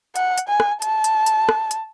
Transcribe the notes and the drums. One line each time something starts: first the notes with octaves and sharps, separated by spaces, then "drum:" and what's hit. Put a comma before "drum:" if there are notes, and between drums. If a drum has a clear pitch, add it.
F#5, drum: hi-hat
drum: hi-hat
G#5
drum: rim click
A5, drum: hi-hat
drum: hi-hat
drum: hi-hat
drum: rim click
drum: hi-hat